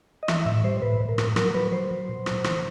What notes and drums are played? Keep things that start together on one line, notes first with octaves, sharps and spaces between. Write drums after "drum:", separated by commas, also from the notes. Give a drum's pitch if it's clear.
D#5
E3 E5, drum: rim click
A2 E5
G3 C5
A2 B4
A2
A#4
A2, drum: rim click
F#3 A#4, drum: rim click
F#3 B4
F#3 C5
F#3
A#2
F#3, drum: rim click
E3, drum: rim click